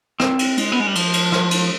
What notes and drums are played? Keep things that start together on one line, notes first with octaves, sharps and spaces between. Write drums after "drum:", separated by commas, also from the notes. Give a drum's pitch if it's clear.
C4, drum: rim click
drum: cymbal
G#3, drum: cymbal
B3
G#3
G3
F3, drum: cymbal
drum: cymbal
drum: rim click
drum: cymbal